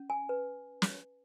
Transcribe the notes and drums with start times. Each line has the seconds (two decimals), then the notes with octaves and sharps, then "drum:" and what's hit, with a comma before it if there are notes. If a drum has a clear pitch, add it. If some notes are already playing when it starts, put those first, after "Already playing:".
Already playing: C#4
0.10 G#5
0.29 B4
0.82 drum: snare